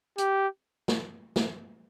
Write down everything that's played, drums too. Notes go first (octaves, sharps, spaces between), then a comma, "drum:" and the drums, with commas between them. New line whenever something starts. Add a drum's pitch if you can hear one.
G4, drum: hi-hat
drum: snare
drum: snare